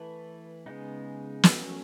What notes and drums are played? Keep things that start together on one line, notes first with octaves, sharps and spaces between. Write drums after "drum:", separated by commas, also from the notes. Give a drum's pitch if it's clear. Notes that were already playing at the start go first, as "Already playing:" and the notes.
Already playing: E3 A3 E4 B4
C#3 G#3 B3 D#4
drum: snare
F#3 A3 C#4